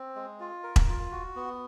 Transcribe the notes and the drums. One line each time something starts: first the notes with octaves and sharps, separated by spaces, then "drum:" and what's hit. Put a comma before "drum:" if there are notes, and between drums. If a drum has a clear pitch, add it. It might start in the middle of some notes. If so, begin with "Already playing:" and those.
Already playing: C4
G#3
F4
A#4
drum: kick E1
F4
F#4
B3